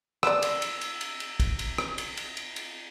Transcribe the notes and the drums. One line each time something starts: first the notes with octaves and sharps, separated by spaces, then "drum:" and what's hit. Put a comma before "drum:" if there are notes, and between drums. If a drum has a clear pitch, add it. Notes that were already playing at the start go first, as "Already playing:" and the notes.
B4 D5 E6, drum: rim click
drum: cymbal
drum: cymbal
drum: cymbal
drum: cymbal
drum: cymbal
drum: kick, cymbal
drum: cymbal
drum: rim click
drum: cymbal
drum: cymbal
drum: cymbal
drum: cymbal